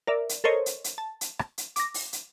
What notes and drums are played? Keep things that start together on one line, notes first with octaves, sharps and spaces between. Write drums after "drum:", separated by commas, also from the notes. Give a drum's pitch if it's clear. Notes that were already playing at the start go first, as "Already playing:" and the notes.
A#4 D5 E5
drum: hi-hat
A4 A#4 C5 C#5 D#5
drum: hi-hat
drum: hi-hat
A5
drum: hi-hat
drum: rim click
drum: hi-hat
D6 A#6, drum: hi-hat
drum: open hi-hat
drum: hi-hat